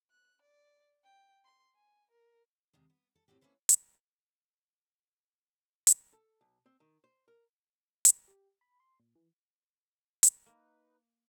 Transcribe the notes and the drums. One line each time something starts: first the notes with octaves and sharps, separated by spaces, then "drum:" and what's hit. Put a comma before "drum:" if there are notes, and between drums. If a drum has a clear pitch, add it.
F#6
D5
G5
C6
G#5
A#4
D#2 C3 G#3
B3
A4
A2 C4 F#4 G4
A#3 C#4 E4 A4 B4 C5
drum: hi-hat
drum: hi-hat
A4
B1
C4
D#3
C5
A#4
drum: hi-hat
G4
B5
C6
A#2
E3
drum: hi-hat
A#3 D#4 B4